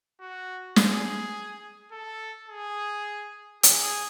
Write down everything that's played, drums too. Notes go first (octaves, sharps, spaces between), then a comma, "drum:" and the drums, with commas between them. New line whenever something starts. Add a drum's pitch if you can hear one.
F#4
G#4, drum: snare
A4
G#4
G#4, drum: hi-hat